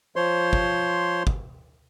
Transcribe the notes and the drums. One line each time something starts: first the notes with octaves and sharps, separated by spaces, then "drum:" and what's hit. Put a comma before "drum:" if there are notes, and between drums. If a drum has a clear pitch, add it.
F3 C5 C#5 C6
drum: kick
drum: kick